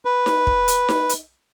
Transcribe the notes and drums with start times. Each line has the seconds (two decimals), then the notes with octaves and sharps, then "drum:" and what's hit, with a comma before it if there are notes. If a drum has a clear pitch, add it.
0.05 B4
0.26 drum: snare D#4
0.47 drum: kick
0.68 drum: hi-hat
0.89 drum: snare D#4
1.09 drum: hi-hat